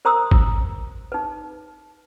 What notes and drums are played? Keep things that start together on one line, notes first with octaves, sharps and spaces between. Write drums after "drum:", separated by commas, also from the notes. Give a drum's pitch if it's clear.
A#4 C5 A#5 C6 D#6 E6
drum: kick G#1
D#4 B4